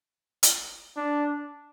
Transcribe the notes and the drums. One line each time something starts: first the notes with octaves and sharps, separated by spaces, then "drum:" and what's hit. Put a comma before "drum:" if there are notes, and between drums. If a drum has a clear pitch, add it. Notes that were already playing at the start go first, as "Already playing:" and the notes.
drum: hi-hat
D4